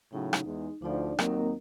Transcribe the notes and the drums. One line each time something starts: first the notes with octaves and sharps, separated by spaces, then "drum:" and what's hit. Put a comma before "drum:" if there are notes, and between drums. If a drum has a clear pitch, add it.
A2 C#3 F#3 D#4
drum: rim click
E2 G#3
D2 F3 D4 D#4 D5
D#2 F#3 A#3 C4 D#4 A#4, drum: rim click